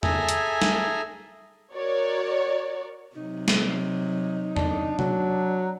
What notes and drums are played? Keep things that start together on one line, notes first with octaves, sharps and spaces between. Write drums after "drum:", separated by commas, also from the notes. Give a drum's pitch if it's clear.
G#4 A4 E5 G#5 A#5, drum: tom E2
drum: hi-hat
drum: snare
F#4 A#4 C#5 D5
C3 F#3 D#4
drum: snare
D4, drum: tom E2
F#3, drum: tom C3